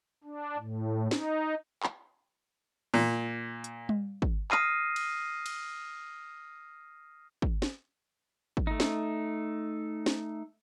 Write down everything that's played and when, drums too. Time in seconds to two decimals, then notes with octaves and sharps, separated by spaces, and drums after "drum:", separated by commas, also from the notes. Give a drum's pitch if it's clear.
0.24 D4
0.58 A2
1.11 D#4, drum: snare
1.83 drum: clap
2.94 A#2, drum: open hi-hat
3.64 drum: hi-hat
3.89 drum: tom G3
4.22 drum: kick
4.51 D#6 F6 A#6 C7 D#7, drum: clap
4.96 drum: cymbal
5.46 drum: cymbal
7.42 drum: kick
7.62 drum: snare
8.57 drum: kick
8.67 A3 D#4
8.80 drum: snare
10.06 drum: snare